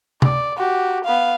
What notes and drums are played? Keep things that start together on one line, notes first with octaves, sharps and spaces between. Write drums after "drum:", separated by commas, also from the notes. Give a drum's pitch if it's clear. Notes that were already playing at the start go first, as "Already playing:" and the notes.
D5, drum: tom
F#4 G4
B3 F5